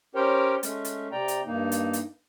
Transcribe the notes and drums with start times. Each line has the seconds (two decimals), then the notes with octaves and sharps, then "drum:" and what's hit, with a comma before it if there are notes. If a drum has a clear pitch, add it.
0.15 C#4 G4 A#4 C5 C#5 G5
0.63 G#3 A3 C#4, drum: hi-hat
0.85 drum: hi-hat
1.12 C3 D5 G5 A#5
1.28 drum: hi-hat
1.46 G2 A#3 D#4
1.72 drum: hi-hat
1.93 drum: hi-hat